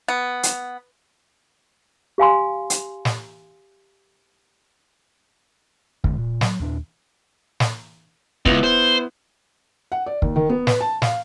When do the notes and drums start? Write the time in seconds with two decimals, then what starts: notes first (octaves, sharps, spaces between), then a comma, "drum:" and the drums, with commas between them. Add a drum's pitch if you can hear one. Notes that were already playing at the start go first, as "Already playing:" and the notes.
0.08 B3
0.43 drum: hi-hat
2.18 G4 F5 G#5 C6
2.70 drum: hi-hat
3.05 drum: snare
6.04 E2 D3 G#3, drum: kick
6.18 A#2
6.41 F#3, drum: snare
6.60 D#2 A#2 D4
7.60 drum: snare
8.45 C#2 B3 E4, drum: kick
8.64 C5
9.92 F#5
10.06 D5
10.22 D#2, drum: kick
10.36 D#3
10.49 B3
10.67 B4, drum: snare
10.81 A5
11.02 F5, drum: snare